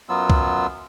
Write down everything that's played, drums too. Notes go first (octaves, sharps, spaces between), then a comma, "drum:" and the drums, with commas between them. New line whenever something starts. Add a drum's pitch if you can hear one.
F#2 F#3 B3 F4 E6
drum: kick C2